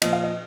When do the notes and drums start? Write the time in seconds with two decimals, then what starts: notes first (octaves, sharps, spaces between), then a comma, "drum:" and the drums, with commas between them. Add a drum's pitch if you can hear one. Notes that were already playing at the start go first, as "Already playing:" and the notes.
0.02 A#2 F3 D#5, drum: cymbal
0.13 F5
0.24 D#5